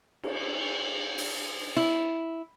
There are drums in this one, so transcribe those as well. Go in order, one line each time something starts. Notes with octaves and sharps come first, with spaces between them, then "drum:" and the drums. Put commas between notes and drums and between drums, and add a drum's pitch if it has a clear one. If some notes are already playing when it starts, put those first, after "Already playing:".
drum: cymbal
drum: open hi-hat
E4